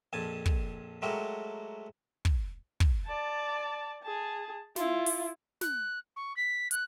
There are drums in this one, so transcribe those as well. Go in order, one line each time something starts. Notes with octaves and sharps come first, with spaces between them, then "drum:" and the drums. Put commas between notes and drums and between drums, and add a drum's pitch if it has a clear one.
A#1 F2 G#5 A5
drum: kick
F#3 G#3 A3 F#4 G4 A#4
drum: kick
drum: kick
D5 A5
G#4 A5
E4 F4, drum: snare
drum: open hi-hat
F#6, drum: snare
C#6
B6
F#6, drum: hi-hat